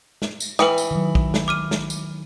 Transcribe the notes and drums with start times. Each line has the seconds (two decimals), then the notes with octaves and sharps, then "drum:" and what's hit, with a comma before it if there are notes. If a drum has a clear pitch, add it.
0.22 drum: snare
0.40 drum: tambourine
0.59 E3 B4 G5 D#6, drum: snare
0.78 drum: tambourine
0.91 D#3 F#3
1.15 drum: kick
1.34 drum: snare
1.48 D6 F6 D#7
1.71 drum: snare
1.90 drum: tambourine